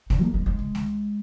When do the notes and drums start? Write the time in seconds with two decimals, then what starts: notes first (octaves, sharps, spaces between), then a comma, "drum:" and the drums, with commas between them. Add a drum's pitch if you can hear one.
0.10 D3, drum: snare A3
0.22 A#3
0.34 G#3
0.46 G#3
0.59 drum: kick C2
0.75 drum: snare A3